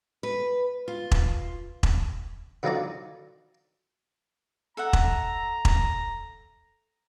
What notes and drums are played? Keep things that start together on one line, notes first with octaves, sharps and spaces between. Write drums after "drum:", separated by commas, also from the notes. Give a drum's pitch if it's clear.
B4
F4
drum: kick E1
drum: kick E1
D3 F3 F#3 C4 D#4 D5
A4 E5 F#5 A#5
drum: kick E1
drum: kick E1